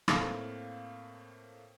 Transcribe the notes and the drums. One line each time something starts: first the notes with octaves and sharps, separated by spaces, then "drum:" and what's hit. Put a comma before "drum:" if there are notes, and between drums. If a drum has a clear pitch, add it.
A2 A3 A#3 C4 F5, drum: rim click